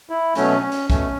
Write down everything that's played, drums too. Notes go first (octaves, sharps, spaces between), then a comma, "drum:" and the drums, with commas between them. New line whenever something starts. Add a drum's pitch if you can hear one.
E4
B2 F#3 A3 C#4, drum: hi-hat
C#4
drum: hi-hat
B2 A3 C#4, drum: kick, hi-hat